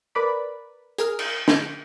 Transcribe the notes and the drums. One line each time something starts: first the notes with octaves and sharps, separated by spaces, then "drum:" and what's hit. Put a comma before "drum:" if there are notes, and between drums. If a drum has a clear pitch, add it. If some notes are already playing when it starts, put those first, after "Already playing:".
A#4 B4 D5 B5
G#4 A#4 F6, drum: hi-hat
drum: cymbal
drum: snare